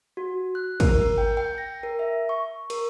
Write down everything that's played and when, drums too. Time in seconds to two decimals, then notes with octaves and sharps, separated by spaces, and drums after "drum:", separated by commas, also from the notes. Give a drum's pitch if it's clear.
0.17 F#4
0.55 F#6
0.80 A#4, drum: kick, cymbal
1.01 A#4
1.18 G5
1.37 G5
1.58 A#6
1.83 A#4
1.99 E5
2.29 C#6
2.70 A#4, drum: cymbal